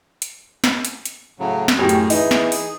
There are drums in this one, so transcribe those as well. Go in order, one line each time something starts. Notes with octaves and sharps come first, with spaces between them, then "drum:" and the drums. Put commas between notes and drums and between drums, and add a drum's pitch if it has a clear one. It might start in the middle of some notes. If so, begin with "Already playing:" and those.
drum: hi-hat
drum: snare
drum: hi-hat
drum: hi-hat
A2 C#3 F#3
drum: snare
F#2 A2 G4 G#4
drum: hi-hat
E3 D#4, drum: open hi-hat
drum: snare
drum: open hi-hat